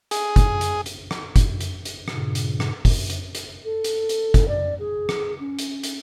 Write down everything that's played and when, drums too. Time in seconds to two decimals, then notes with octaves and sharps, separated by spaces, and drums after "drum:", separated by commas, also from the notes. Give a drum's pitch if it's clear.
0.11 G#4, drum: hi-hat
0.36 drum: kick, hi-hat
0.61 drum: hi-hat
0.86 drum: hi-hat
1.11 drum: rim click
1.36 drum: kick, hi-hat
1.61 drum: hi-hat
1.85 drum: hi-hat
2.08 G2 A#2 C#3, drum: rim click
2.35 drum: hi-hat
2.60 drum: rim click
2.85 drum: kick, open hi-hat
3.10 drum: hi-hat
3.35 drum: hi-hat
3.64 A4
3.84 drum: hi-hat
4.09 drum: hi-hat
4.34 drum: kick, hi-hat
4.48 D5
4.79 G#4
5.09 drum: rim click
5.39 C#4
5.59 drum: hi-hat
5.83 drum: hi-hat